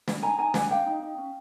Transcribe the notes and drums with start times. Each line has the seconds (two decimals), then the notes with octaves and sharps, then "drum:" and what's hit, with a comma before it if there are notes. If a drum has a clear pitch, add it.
0.08 drum: snare
0.22 D#4 G#5 A#5
0.38 D#4 G#5 A#5
0.54 D4 F#5 G#5, drum: snare
0.70 D4 F5 G5
0.86 D#4
1.03 D#4
1.18 C#4